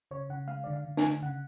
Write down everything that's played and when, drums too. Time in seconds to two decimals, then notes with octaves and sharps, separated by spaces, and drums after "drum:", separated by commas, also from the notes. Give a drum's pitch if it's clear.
0.11 C#3 C#5
0.30 C#3 F#5
0.48 G#3 F5
0.64 D3 D5
0.73 F5
0.85 D3
0.97 G#5, drum: snare
1.03 D3
1.22 C#3 F#5